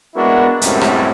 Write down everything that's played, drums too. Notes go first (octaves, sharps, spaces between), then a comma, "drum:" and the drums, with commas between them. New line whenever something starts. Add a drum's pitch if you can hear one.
G#3 A#3 B3 D4 E4 F#4
C#2 F#2 A2 G3 A3 C4, drum: hi-hat
drum: rim click